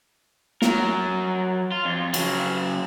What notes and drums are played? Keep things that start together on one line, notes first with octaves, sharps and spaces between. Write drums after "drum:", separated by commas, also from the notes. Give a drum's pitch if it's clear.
F#3 A#4, drum: snare
F4
F2
C#3 F#3, drum: cymbal